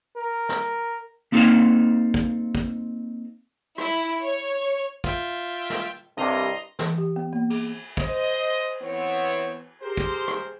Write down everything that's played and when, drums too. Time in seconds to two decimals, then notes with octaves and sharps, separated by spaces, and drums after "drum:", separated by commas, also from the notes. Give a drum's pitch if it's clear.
0.16 A#4
0.49 drum: snare
1.32 A#3 C4 D#4 A4 C5 F5, drum: hi-hat
2.14 drum: kick
2.55 drum: kick
3.78 E4, drum: rim click
4.22 C#5
5.04 F4 E5 G5, drum: kick
5.70 drum: snare
6.18 C2 G2 C3 D#5 A#5 C6
6.79 E3, drum: snare
6.98 G4
7.16 B3
7.33 A#3
7.50 G#4, drum: cymbal
7.97 C5 D#5, drum: kick
8.81 E3 B3 C4 C#5
9.82 G4 G#4 A#4 C5
9.97 drum: kick
10.28 drum: rim click